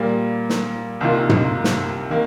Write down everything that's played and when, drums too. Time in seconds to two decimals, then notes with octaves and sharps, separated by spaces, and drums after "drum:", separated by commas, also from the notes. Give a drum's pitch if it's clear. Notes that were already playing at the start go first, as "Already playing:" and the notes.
Already playing: A#2 G3 A#3
0.49 drum: snare
1.01 C2 C3 D#3 A#3 F4
1.29 drum: tom
1.64 drum: snare
2.10 D#3 A#3